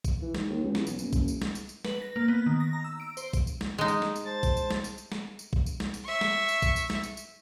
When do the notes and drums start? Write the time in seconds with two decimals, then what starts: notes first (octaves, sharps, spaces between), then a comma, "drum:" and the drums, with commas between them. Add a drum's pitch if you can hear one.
0.04 drum: kick A#1, tambourine
0.22 E3
0.35 G#2, drum: snare
0.50 D#2
0.63 C#2
0.75 E2, drum: snare
0.87 B1, drum: tambourine
0.99 F#1, drum: tambourine
1.13 F#1, drum: kick A#1, tambourine
1.28 drum: tambourine
1.42 drum: snare
1.55 drum: tambourine
1.69 drum: tambourine
1.85 B4, drum: snare
2.02 A#6
2.16 A#3
2.28 B3
2.46 D#3
2.60 A#6
2.73 A#5
2.84 E6
3.00 D7
3.17 C5, drum: tambourine
3.33 drum: kick A#1, tambourine
3.47 drum: tambourine
3.61 drum: snare
3.78 G#3 D#4
3.88 drum: tambourine
4.02 drum: snare
4.16 drum: tambourine
4.25 C5 A5 A6
4.43 drum: kick A#1, tambourine
4.57 drum: tambourine
4.70 drum: snare
4.84 drum: tambourine
4.98 drum: tambourine
5.12 drum: snare
5.39 drum: tambourine
5.53 drum: kick A#1
5.66 drum: tambourine
5.80 drum: snare
5.94 drum: tambourine
6.04 E5 C#6
6.21 drum: snare
6.49 drum: tambourine
6.62 drum: kick A#1, tambourine
6.76 drum: tambourine
6.90 drum: snare
7.03 drum: tambourine
7.17 drum: tambourine